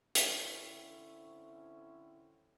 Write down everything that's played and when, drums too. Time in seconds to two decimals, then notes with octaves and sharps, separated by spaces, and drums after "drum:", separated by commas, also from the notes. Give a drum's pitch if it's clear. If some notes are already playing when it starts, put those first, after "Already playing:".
0.15 D3 C4 C#4 E4, drum: hi-hat